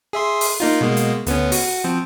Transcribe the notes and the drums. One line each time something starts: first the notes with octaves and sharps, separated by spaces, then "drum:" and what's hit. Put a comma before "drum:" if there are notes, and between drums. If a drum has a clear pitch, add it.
G#4 E5 C6
drum: open hi-hat
A#3 D#4 F4
B2 G#3 A#3
drum: hi-hat
D2 B3 C#4, drum: hi-hat
F#4, drum: open hi-hat
F3 C4